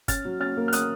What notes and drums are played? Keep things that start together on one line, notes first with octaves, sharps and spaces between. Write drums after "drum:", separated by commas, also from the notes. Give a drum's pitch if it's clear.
C#4 F6 A6, drum: kick G1, hi-hat
F#3
C#4 F6 A6
A#3
F6
C#4 D#6 F#6, drum: hi-hat